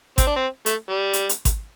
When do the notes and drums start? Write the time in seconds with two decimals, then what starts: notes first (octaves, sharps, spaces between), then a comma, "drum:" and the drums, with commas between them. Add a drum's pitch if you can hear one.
0.18 C4, drum: kick G#1, hi-hat
0.27 D4
0.36 C4
0.66 A3, drum: hi-hat
0.90 G3
1.13 drum: hi-hat
1.29 drum: hi-hat
1.45 drum: kick G#1, hi-hat